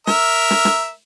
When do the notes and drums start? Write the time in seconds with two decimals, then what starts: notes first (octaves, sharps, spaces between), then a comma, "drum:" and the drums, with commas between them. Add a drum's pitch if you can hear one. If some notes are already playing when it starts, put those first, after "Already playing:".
0.07 A#4 E5, drum: snare
0.51 drum: snare
0.65 drum: snare